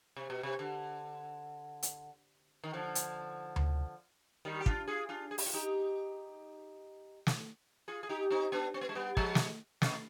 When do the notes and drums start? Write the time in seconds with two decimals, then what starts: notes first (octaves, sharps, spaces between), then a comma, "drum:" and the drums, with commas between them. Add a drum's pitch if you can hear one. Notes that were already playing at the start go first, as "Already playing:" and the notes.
0.16 C3
0.30 B2
0.43 C3
0.59 D3
1.83 drum: hi-hat
2.64 D#3
2.73 D3 F3
2.95 drum: hi-hat
3.56 drum: tom D2
4.45 D#3 G3
4.61 G4
4.66 D4 F4, drum: kick
4.88 F4 G#4
5.09 D4 F4
5.31 G#4
5.38 G4, drum: open hi-hat
5.46 F4
5.54 D#4 G4
7.27 drum: snare
7.88 F4 G#4
8.03 G#4
8.09 D#4 G4
8.30 C4 D#4
8.52 B3 D4
8.74 C4
8.81 B3
8.89 G#3
8.95 G3 B3
9.17 F3 G#3, drum: kick
9.35 drum: snare
9.82 C3, drum: snare